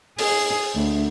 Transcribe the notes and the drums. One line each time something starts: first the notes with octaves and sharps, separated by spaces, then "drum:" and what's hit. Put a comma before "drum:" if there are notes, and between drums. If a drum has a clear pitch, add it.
G#4, drum: open hi-hat
D2